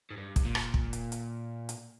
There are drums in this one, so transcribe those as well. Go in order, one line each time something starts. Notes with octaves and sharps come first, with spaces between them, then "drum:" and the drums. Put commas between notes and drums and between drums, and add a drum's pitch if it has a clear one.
G#2
G2
drum: kick, hi-hat
A#2
drum: rim click
drum: kick
drum: hi-hat
drum: hi-hat
drum: hi-hat